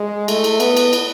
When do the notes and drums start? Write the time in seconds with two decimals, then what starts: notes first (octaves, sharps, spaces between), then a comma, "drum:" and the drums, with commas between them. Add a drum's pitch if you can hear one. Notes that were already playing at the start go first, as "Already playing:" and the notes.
Already playing: G#3
0.28 A3, drum: cymbal
0.44 drum: cymbal
0.60 B3, drum: cymbal
0.77 drum: cymbal
0.93 drum: cymbal